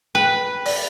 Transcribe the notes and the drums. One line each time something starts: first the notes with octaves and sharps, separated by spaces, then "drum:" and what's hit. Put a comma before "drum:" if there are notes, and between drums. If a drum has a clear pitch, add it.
B4 G5
D5, drum: open hi-hat